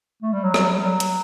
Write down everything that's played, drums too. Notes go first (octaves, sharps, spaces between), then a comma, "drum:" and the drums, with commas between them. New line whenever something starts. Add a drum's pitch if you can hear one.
A3
G3
F#3
F#3, drum: rim click
G3
F#3
drum: hi-hat